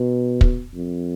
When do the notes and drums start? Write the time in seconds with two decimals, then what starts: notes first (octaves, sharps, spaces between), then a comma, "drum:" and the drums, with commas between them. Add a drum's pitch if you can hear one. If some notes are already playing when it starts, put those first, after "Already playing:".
Already playing: B2
0.41 drum: kick
0.75 F2